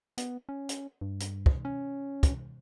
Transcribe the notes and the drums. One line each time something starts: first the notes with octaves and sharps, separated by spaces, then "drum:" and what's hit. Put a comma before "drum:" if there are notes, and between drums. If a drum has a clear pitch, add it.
B3, drum: hi-hat
C#4
drum: hi-hat
G2
drum: hi-hat
drum: kick
C#4
drum: kick, hi-hat